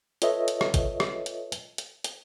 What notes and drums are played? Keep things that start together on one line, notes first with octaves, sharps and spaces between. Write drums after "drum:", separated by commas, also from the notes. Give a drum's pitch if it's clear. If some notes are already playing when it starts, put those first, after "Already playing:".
F4 A4 B4 C#5 D#5 E5, drum: hi-hat
drum: hi-hat
drum: rim click
drum: kick G#1, hi-hat
drum: rim click
drum: hi-hat
drum: hi-hat
drum: hi-hat
drum: hi-hat